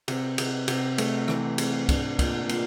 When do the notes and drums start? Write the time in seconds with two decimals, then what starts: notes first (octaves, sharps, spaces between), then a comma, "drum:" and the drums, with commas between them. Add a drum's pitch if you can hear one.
0.08 C3, drum: cymbal
0.38 C3, drum: cymbal
0.68 C3, drum: cymbal
0.98 A3, drum: cymbal
1.28 E3, drum: rim click
1.58 C3, drum: cymbal
1.89 D4, drum: kick, cymbal
2.19 A#2, drum: kick, cymbal
2.49 A#2, drum: cymbal